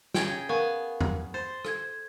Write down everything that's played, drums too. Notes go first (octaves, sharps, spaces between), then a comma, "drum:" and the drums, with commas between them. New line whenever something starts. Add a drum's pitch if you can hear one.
C#3 G#4 G5, drum: snare
B3 A#4 F5 G#5 C#6
drum: tom E2
C5 A6
A4 G#6, drum: rim click